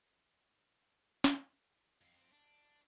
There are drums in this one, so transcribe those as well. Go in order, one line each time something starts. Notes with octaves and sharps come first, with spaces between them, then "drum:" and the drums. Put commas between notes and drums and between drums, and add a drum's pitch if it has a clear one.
drum: snare
F2 C4
D4